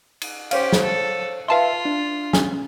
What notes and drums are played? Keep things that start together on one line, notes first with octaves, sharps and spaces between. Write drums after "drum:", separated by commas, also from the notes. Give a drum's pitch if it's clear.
drum: cymbal
C#4 G4 C5 C#5 F5, drum: cymbal
drum: snare
A4
F4 B4 E5 F5 A5 C6
D4
C#4, drum: snare